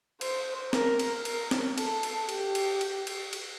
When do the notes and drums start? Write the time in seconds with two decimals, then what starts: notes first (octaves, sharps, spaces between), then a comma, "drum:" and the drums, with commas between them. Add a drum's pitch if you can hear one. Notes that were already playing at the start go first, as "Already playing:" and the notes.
0.21 C5, drum: cymbal
0.73 A#4, drum: snare
0.99 drum: cymbal
1.25 A#4, drum: cymbal
1.51 drum: snare
1.78 A4, drum: cymbal
2.03 drum: cymbal
2.29 G4, drum: cymbal
2.55 drum: cymbal
2.81 drum: cymbal
3.07 drum: cymbal
3.33 drum: cymbal